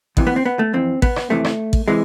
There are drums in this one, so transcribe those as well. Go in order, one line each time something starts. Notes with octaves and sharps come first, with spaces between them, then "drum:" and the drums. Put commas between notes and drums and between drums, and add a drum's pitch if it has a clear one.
F2 C3 E3, drum: kick A1
B3
C4
B3
A3
F2 E3 C4
B3, drum: kick A1
drum: rim click
F2 C3 E3 A3
drum: rim click
drum: kick A1
C3 E3 G#3